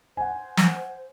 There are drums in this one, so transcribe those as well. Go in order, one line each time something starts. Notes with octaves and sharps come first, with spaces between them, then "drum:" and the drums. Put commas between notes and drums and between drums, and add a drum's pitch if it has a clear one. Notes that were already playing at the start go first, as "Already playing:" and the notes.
C5 F#5 G#5
drum: snare